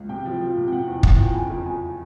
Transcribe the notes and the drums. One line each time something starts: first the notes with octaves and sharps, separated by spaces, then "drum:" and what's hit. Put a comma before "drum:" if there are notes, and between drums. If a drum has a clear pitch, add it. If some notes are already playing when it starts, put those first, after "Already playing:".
Already playing: C#2
C3 G5
F3
F3
C3
G5
C3 F#5
E2
E2 F#5, drum: kick
E2 G5
C#3 G#5
F2
F2 G#5